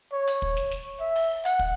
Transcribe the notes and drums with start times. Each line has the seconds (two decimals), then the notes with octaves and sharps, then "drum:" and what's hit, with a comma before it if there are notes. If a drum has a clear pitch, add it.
0.13 C#5
0.27 drum: hi-hat
0.42 drum: kick
0.57 drum: snare
0.71 drum: snare
1.00 E5
1.15 drum: open hi-hat
1.45 F#5, drum: hi-hat
1.59 drum: kick